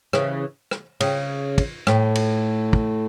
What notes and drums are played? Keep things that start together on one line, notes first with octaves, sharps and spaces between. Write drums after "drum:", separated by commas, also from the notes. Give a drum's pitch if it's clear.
C#3 E3, drum: rim click
drum: rim click
C#3, drum: cymbal
drum: kick, cymbal
A2, drum: rim click
drum: cymbal
drum: kick